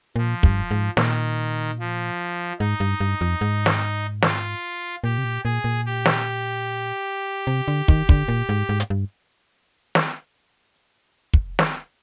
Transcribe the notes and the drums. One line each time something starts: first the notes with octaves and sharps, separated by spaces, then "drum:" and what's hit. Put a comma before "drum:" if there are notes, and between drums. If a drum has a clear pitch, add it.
A#2 F3
G2, drum: kick
G#2
A#2 D#3, drum: snare
F3
G#2 D#4
G2
G2
F2
G#2
drum: snare
F4, drum: snare
A#2 G4
C3
A#2
A#2 G#4
A#2
G4
drum: snare
C3
D3
D#3, drum: kick
D3, drum: kick
A#2
G#2
G#2
drum: hi-hat
G2
drum: snare
drum: kick
drum: snare